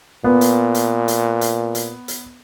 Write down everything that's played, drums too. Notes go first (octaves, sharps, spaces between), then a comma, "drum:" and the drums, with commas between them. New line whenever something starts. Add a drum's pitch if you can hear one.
A#2 B3
drum: hi-hat
drum: hi-hat
drum: hi-hat
drum: hi-hat
drum: hi-hat
drum: hi-hat